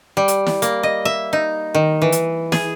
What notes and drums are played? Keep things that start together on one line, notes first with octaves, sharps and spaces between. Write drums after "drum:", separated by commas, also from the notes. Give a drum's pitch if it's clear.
G3
drum: hi-hat
drum: snare
A#3, drum: hi-hat
D#5
E5
D#4
D#3
E3
drum: hi-hat
G#4, drum: snare